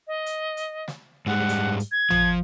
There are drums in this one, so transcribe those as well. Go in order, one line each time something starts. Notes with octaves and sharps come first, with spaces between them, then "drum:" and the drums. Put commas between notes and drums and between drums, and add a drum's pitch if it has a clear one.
D#5
drum: hi-hat
drum: hi-hat
drum: snare
G#2 G3 G#3 F#5
drum: hi-hat
drum: hi-hat
G#6
F3, drum: tom